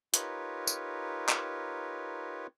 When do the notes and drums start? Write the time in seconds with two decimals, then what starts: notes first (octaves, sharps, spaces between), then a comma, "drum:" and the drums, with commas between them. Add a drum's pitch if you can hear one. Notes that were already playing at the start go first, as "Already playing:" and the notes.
0.14 D#4 F4 G4 A#4 B4 C#5, drum: hi-hat
0.67 drum: tambourine
1.29 drum: clap